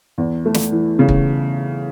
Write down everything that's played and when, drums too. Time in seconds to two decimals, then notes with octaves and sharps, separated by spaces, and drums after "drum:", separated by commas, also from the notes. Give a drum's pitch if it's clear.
0.18 E2
0.45 A3
0.54 drum: snare
0.72 E3
0.99 C#3
1.09 drum: kick